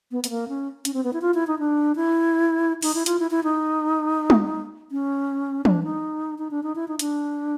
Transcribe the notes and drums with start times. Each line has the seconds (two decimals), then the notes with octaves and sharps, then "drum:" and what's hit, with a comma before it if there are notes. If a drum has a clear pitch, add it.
0.11 B3
0.24 B3, drum: hi-hat
0.30 A#3
0.48 C#4
0.85 C#4, drum: hi-hat
0.94 C4
1.04 B3
1.13 E4
1.22 F4
1.34 E4
1.47 D#4
1.59 D4
1.96 E4
2.82 D#4, drum: open hi-hat
2.95 E4
3.06 F4, drum: hi-hat
3.19 E4
3.31 E4
3.44 D#4
4.30 drum: tom G3
4.91 C#4
5.65 D4, drum: tom E3
5.84 D#4
6.39 D#4
6.51 D4
6.63 D#4
6.75 E4
6.88 D#4
6.99 D4, drum: hi-hat